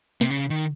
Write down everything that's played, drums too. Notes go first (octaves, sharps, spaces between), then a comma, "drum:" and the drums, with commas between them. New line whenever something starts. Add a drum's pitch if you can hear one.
C3, drum: snare
C#3
D#3